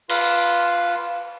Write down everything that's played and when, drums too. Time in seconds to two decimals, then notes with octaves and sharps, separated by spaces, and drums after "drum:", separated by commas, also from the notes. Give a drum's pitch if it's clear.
0.09 F4 B4 F5, drum: cymbal